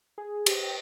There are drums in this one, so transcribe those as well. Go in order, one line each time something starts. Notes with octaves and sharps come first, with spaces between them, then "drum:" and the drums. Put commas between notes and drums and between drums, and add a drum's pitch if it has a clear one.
G#4
G4, drum: cymbal